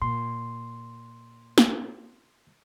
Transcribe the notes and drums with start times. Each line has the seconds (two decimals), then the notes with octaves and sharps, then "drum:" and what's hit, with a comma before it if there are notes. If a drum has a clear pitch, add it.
0.02 A#2 C6
1.58 drum: snare